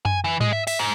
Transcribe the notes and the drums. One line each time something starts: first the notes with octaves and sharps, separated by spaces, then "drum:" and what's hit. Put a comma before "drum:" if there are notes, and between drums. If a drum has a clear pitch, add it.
G#5, drum: tom F#2
E3
G#3, drum: tom G#2
E5
E5, drum: cymbal
G#2